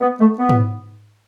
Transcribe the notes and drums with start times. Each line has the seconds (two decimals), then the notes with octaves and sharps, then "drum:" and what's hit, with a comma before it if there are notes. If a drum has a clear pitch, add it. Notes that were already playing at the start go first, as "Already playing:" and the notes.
0.01 B3
0.20 A3
0.39 B3
0.49 drum: tom G#2